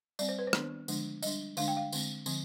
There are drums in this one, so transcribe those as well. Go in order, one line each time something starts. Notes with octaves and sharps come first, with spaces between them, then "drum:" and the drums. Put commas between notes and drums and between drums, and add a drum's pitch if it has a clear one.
G3 C4 D5, drum: tambourine
C5
B4
C5
D#3 B3 D4, drum: rim click
D3 F3 G#3 D4, drum: tambourine
G3 D4 D#5, drum: tambourine
D3 G#3 D4 F5, drum: tambourine
G5
F5
D3 G#3 C4, drum: tambourine
D3 F3 C4, drum: tambourine